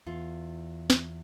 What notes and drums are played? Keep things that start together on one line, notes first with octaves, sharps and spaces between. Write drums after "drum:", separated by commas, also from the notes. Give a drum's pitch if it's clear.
E2 F4
drum: snare